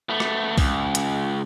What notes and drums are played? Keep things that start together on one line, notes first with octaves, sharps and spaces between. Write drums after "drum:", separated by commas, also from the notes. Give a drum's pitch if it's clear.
A3 B3
drum: rim click
C#2, drum: kick, open hi-hat
drum: hi-hat